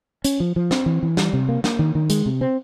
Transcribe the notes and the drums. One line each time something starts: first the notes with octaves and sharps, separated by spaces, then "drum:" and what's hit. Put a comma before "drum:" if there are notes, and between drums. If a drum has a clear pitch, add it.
C#4, drum: hi-hat
F3
F3
C4, drum: snare
E3
E3
G3, drum: snare
C3
A#3
A#3, drum: snare
D#3
D#3
G#3, drum: hi-hat
C3
C4